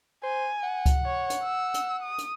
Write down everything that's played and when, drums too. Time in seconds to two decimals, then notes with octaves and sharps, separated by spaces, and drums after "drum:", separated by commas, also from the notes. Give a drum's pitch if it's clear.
0.23 C5 G#5
0.64 F#5
0.86 drum: kick C#2, hi-hat
1.05 C#5
1.30 drum: hi-hat
1.43 E6
1.74 drum: hi-hat
2.02 D#6
2.18 drum: hi-hat